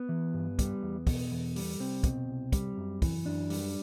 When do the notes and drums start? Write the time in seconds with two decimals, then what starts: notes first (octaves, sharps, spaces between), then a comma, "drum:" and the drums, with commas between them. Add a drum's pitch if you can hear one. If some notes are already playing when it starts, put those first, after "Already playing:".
Already playing: B3
0.09 E3
0.34 G2
0.59 G3, drum: kick, hi-hat
0.83 E2
1.07 B2, drum: kick, open hi-hat
1.31 E2
1.56 G3, drum: open hi-hat
1.79 C2 C4
2.04 B2, drum: kick, hi-hat
2.29 C2
2.52 G3, drum: kick, hi-hat
2.77 F#2
3.02 E3, drum: kick, open hi-hat
3.26 F#2 D4
3.50 G3, drum: open hi-hat